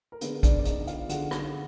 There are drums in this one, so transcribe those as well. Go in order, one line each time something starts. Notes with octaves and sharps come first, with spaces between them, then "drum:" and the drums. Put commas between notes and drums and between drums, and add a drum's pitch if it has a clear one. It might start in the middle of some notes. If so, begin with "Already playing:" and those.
A#4
D3 G#3 B3 B4, drum: hi-hat
D4 D5, drum: kick, hi-hat
D5
D#4 D#5, drum: hi-hat
F4 F5, drum: hi-hat
D3 G#3 F#4 F#5, drum: hi-hat
drum: rim click